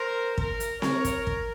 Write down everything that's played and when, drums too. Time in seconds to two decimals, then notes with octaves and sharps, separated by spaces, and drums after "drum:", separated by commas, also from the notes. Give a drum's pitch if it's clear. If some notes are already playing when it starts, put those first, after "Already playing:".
Already playing: A#4 C5
0.38 A#4, drum: kick
0.60 drum: hi-hat
0.82 A#4 C#5, drum: snare C4
1.05 drum: kick, hi-hat
1.27 drum: kick